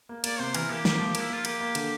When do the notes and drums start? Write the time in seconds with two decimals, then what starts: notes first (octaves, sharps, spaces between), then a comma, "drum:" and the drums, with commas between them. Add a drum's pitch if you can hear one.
0.09 A#3
0.24 A#3 D5, drum: cymbal
0.39 C3 C5
0.54 E3 A#4, drum: cymbal
0.69 A#3 G4
0.85 A#3, drum: snare
0.99 F3
1.15 A#3, drum: cymbal
1.20 E4
1.30 A#3 F4
1.45 A#3 G4, drum: cymbal
1.61 A#3
1.75 D3, drum: cymbal